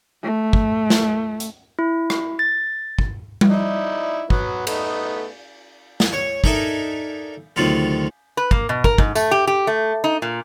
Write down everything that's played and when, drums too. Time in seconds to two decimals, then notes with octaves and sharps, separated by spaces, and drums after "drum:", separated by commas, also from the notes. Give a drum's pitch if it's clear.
0.23 A3
0.53 drum: kick
0.90 drum: snare
1.40 drum: hi-hat
1.79 E4
2.10 drum: rim click
2.39 A6
2.99 drum: kick
3.41 drum: tom G3
3.50 D#4 E4 D5
4.30 F#3 B3, drum: kick
4.67 A3 B3 D#4, drum: cymbal
6.00 G#5, drum: snare
6.13 C#5
6.44 D4 D#4 A4 A#4 E5 G#5, drum: kick
7.56 D2 C3 D#3 F#3 F4 A4
8.37 B4
8.51 A#3, drum: kick
8.69 B2
8.84 A#4, drum: kick
8.98 G#2, drum: kick
9.15 A3, drum: tambourine
9.31 G4
9.47 G4
9.67 A3
10.04 D#4
10.22 A#2